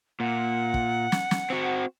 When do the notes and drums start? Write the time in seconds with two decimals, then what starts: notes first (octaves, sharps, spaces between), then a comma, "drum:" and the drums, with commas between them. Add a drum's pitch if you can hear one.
0.20 A#2 F#5
0.74 drum: kick
1.12 drum: snare
1.31 drum: snare
1.50 C4 F#4